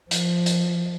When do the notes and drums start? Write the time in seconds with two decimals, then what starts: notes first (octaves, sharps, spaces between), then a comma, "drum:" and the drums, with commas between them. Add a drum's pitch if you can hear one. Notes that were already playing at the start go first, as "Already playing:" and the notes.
0.11 F3, drum: hi-hat
0.46 drum: hi-hat